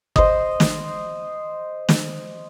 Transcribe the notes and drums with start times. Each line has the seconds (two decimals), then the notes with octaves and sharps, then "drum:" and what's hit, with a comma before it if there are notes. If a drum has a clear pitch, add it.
0.16 C5 D#5, drum: kick
0.60 drum: snare
1.89 drum: snare